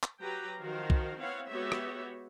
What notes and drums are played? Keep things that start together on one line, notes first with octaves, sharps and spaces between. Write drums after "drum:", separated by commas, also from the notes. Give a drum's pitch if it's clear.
drum: clap
F#3 G4 B4 G5 A#5
D#3 F3 F#4 A#4 C5 F5
drum: kick B1
B3 C4 E4 C#5 F5 F#5
G#3 B3 F#4 G4 C#5 E5
drum: rim click